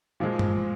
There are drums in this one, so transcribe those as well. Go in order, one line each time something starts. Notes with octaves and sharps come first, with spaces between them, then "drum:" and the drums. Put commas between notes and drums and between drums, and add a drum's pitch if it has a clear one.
A#2 F3 G#3
drum: tom G2